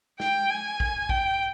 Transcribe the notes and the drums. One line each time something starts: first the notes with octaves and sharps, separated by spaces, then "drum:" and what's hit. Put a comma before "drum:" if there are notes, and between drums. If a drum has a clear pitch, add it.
G5, drum: snare
G#5
drum: kick A#1
G5, drum: kick A#1